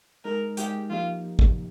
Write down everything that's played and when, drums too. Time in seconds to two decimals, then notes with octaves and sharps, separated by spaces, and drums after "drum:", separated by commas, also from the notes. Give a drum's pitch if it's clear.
0.25 G#3 D#4 G#4 A#4
0.57 G#3 D#4 G4 G#4, drum: hi-hat
0.90 F3 A#3 D#4 F4 G4
1.39 drum: kick